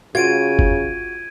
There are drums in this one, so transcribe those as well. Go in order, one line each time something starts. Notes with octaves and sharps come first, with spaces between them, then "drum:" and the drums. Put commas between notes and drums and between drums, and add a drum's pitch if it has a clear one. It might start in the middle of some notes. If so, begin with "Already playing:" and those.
C#3 F4 F#4 G#6 D7 D#7
drum: kick G1